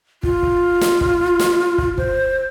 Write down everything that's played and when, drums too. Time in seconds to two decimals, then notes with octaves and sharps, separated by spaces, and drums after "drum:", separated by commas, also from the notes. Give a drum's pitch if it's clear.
0.23 F4, drum: kick
0.43 drum: kick
0.81 drum: snare
1.01 drum: kick
1.39 drum: snare
1.78 drum: kick
1.98 C5, drum: kick